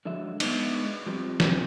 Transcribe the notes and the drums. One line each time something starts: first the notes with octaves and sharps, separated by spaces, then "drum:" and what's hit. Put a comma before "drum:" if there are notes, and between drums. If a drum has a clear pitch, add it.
D3 F3 F#3 G#3 E5
G#3 B3 D4 D#4, drum: cymbal
F3 G3 C4
drum: snare